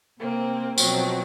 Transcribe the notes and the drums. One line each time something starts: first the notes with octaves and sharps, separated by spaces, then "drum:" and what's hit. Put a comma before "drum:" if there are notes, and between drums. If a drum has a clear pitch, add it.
C3 A#3 C4
B2 F3 F#3 C4, drum: tambourine